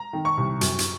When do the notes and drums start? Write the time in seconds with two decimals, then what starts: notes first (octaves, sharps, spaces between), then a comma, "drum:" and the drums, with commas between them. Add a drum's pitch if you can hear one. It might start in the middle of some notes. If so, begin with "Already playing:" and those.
Already playing: A#5
0.13 D#3
0.25 C#6
0.37 C2
0.61 F#2, drum: hi-hat
0.79 drum: hi-hat